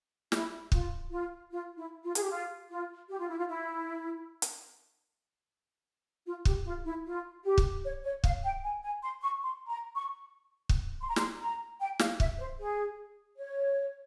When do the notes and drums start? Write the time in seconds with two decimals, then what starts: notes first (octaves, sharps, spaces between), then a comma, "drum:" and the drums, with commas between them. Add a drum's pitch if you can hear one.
0.32 E4, drum: snare
0.72 F4, drum: kick
1.11 F4
1.51 F4
1.77 E4
2.04 F4
2.15 G#4, drum: hi-hat
2.23 G4
2.30 F4
2.69 F4
3.09 G4
3.19 F4
3.28 E4
3.38 F4
3.49 E4
4.42 drum: hi-hat
6.26 F4
6.45 G4, drum: kick
6.65 F4
6.85 E4
7.05 F4
7.44 G4
7.58 drum: kick
7.84 C#5
8.04 C#5
8.24 F5, drum: kick
8.44 G5
8.63 G#5
8.83 G#5
9.03 C6
9.22 C#6
9.42 C6
9.69 A#5
9.95 C#6
10.69 drum: kick
11.00 C6
11.08 A#5
11.16 C6, drum: snare
11.40 A#5
11.80 G5
11.99 F5, drum: snare
12.20 E5, drum: kick
12.38 C5
12.59 G#4
13.38 C#5